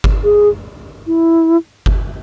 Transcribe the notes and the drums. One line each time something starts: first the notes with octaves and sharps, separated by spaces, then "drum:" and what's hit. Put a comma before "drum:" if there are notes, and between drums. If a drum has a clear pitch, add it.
drum: kick G1
G#4
E4
drum: kick G1